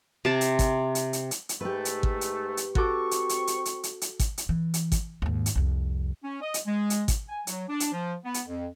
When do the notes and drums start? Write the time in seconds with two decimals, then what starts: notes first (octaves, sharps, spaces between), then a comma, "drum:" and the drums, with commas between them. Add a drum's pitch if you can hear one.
0.25 C3 A5
0.41 drum: hi-hat
0.59 drum: kick, hi-hat
0.95 drum: hi-hat
1.13 drum: hi-hat
1.31 drum: hi-hat
1.49 drum: hi-hat
1.61 G#2 A3 G4 B4
1.85 drum: hi-hat
2.03 drum: kick
2.21 drum: hi-hat
2.57 drum: hi-hat
2.75 C4 F#4 A4 C#6 D6, drum: kick
3.11 drum: hi-hat
3.29 drum: hi-hat
3.47 drum: hi-hat
3.65 drum: hi-hat
3.83 drum: hi-hat
4.01 drum: hi-hat
4.20 drum: kick, hi-hat
4.38 drum: hi-hat
4.49 E3
4.74 drum: hi-hat
4.92 drum: kick, hi-hat
5.22 D#2 G#2
5.46 drum: hi-hat
5.55 C2 F2
6.23 C#4
6.42 D#5
6.54 drum: hi-hat
6.67 G#3
6.90 drum: hi-hat
7.08 drum: kick, hi-hat
7.29 G#5
7.47 F#3, drum: hi-hat
7.69 D4
7.80 drum: hi-hat
7.92 F3
8.25 B3
8.34 drum: hi-hat
8.47 F2